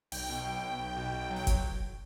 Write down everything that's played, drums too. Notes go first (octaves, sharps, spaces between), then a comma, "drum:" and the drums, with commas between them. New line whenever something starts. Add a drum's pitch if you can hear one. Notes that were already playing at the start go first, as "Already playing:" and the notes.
B1 G5, drum: open hi-hat
B2
B1
B1
B1
B2
B1
F#3
G5
drum: kick F#1, hi-hat